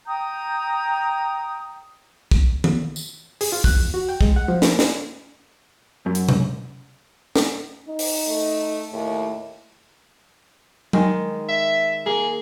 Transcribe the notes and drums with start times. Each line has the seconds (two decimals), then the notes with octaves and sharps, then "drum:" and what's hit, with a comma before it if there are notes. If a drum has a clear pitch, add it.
0.05 G5 A#5 D#6 G6
2.31 drum: kick
2.64 drum: tom D#3
2.96 drum: tambourine
3.41 G#4, drum: open hi-hat
3.52 F4
3.64 F#6, drum: kick
3.76 E2
3.94 F#4
4.09 G5
4.21 G#3, drum: kick
4.36 F#5
4.48 F3
4.62 A#3, drum: snare
4.79 drum: snare
6.06 F#2
6.15 drum: hi-hat
6.29 drum: tom C3
7.36 drum: snare
7.88 D#4
7.99 drum: open hi-hat
8.28 A3
8.93 D#2 A2
10.93 D#3 G#3, drum: tom F#3
11.49 E5
12.06 A#3 G#4